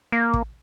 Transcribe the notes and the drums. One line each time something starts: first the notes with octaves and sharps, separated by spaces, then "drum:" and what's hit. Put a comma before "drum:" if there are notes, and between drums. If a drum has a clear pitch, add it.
A#3
drum: kick